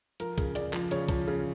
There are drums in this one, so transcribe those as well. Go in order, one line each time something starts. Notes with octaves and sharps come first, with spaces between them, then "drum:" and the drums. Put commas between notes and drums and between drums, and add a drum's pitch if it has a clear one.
F3 A#4, drum: hi-hat
C#3, drum: kick, hi-hat
C#3 D5, drum: hi-hat
F3, drum: clap
C#3 C#5, drum: hi-hat
F3, drum: kick, hi-hat
C#3